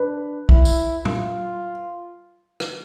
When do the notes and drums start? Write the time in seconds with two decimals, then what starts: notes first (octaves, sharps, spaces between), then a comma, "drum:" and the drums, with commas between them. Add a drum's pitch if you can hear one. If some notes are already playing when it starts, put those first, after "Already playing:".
Already playing: D4 B4
0.49 E4, drum: kick
0.65 drum: tambourine
1.05 F4, drum: tom
2.60 drum: rim click